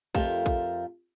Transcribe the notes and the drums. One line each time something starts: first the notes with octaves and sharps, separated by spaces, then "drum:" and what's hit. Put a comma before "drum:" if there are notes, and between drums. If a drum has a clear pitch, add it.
F2 A3 F4 G4 A#4 A5, drum: kick
drum: kick, hi-hat